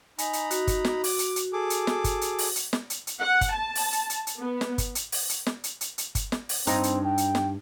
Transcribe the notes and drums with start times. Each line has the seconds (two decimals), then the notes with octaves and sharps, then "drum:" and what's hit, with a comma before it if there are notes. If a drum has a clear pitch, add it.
0.18 D#4 G#5 A#5 B5, drum: hi-hat
0.33 drum: hi-hat
0.51 F#4, drum: hi-hat
0.67 drum: kick G1, hi-hat
0.85 drum: snare
1.04 D6, drum: open hi-hat
1.19 drum: hi-hat
1.36 drum: hi-hat
1.53 G#4 A4 D6
1.70 drum: hi-hat
1.87 drum: snare
2.04 drum: kick G1, hi-hat
2.21 drum: hi-hat
2.39 drum: open hi-hat
2.56 drum: hi-hat
2.73 drum: snare
2.90 drum: hi-hat
3.07 drum: hi-hat
3.21 F#5
3.41 drum: kick G1, hi-hat
3.53 A5
3.75 drum: open hi-hat
3.93 drum: hi-hat
4.10 drum: hi-hat
4.27 drum: hi-hat
4.39 B3
4.61 drum: snare
4.78 drum: kick G1, hi-hat
4.95 drum: hi-hat
5.12 drum: open hi-hat
5.29 drum: hi-hat
5.47 drum: snare
5.64 drum: hi-hat
5.81 drum: hi-hat
5.98 drum: hi-hat
6.15 drum: kick G1, hi-hat
6.32 drum: snare
6.49 drum: open hi-hat
6.67 G2 C4 D#4, drum: hi-hat
6.83 drum: hi-hat
7.05 G5
7.18 drum: hi-hat
7.35 drum: snare